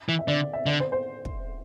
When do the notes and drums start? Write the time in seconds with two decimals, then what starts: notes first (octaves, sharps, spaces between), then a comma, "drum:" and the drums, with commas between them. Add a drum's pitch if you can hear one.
0.09 E3
0.19 E5
0.27 D3 D5
0.53 E5
0.66 D3 D5
0.80 C5
0.92 C5
1.25 drum: kick